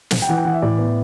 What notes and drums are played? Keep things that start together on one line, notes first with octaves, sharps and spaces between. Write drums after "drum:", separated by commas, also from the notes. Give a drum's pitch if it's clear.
drum: snare
G5
E3 F#5
G5
E3 F#5
E5
A2 D5
B3